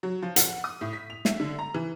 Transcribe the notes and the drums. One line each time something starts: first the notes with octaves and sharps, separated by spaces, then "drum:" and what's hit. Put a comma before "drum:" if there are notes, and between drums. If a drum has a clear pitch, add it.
F#3
F3
F#5, drum: hi-hat
D#6
A2
B6
F7
E5, drum: snare
D3
A#5
E3